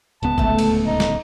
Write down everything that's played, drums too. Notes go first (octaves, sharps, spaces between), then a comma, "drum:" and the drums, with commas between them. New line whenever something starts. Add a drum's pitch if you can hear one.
D1 C#2 B3 A5
A3 A4, drum: kick
drum: cymbal
D#4
drum: snare